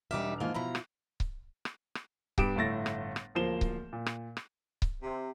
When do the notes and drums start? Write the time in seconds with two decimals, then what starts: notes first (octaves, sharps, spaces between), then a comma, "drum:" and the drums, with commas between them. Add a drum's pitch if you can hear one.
0.11 E1 G3 D#4 E5 D6 F6
0.40 G#2 E3 F3 A#3 F4
0.54 B2 F3 E4 A#5 B5
0.75 drum: rim click
1.20 drum: kick C#1
1.65 drum: rim click
1.95 drum: rim click
2.38 G2 B3 G4 D7 E7, drum: kick C#1
2.56 G1 A2 A3 A6 A#6
2.86 drum: rim click
3.16 drum: rim click
3.35 D1 F3 A#3 C5 E7 G7
3.61 drum: kick C#1
3.93 A#2
4.06 drum: rim click
4.37 drum: rim click
4.82 drum: kick C#1
5.03 C3